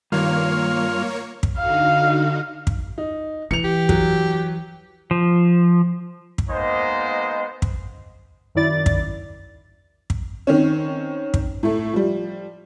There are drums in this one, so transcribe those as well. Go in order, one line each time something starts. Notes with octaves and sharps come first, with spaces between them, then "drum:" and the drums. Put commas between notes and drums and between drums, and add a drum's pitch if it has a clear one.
G2 D#3 A#3 F4 C#5 F6
drum: kick
D3 D#4 F#4 F5
drum: kick
D#4
E3 C#7 F7
G4
F#3, drum: kick
F3
drum: kick
G#3 A#3 B3 D#4 C5 D#5
drum: kick
F#2 D#3 E4 D5 A6
drum: kick
drum: kick
D#3 C4 C#4
drum: kick
A2 A3
F3 G3